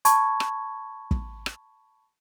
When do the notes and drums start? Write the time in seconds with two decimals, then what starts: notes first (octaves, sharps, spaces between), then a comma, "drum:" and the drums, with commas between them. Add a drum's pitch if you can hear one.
0.05 A5 B5 C#6 G#6, drum: hi-hat
0.40 drum: rim click
1.11 drum: kick
1.46 drum: rim click